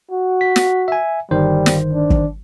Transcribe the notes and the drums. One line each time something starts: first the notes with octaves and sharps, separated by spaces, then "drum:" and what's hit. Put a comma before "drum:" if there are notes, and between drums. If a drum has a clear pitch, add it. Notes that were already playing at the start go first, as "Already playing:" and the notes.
F#4
B6
drum: snare
E5 G#5
G1 D#3 G3 C5
drum: snare
D4
drum: kick